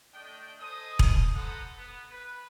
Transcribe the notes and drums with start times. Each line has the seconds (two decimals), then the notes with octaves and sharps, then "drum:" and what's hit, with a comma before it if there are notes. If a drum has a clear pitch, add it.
0.13 A3 D4 D5 D#5 G5
0.60 A4 C5 D#5 G#5 D#6
0.99 drum: kick E1
1.35 A4 B4 C5 F#5 A#5 D#6
1.77 B3
2.09 B4